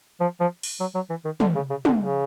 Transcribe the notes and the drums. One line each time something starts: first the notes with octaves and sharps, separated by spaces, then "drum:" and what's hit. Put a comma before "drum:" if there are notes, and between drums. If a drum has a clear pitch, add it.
F3
F3
drum: open hi-hat
F#3
F#3
E3
D#3
D3, drum: tom
C#3
C#3
D3, drum: tom
C#3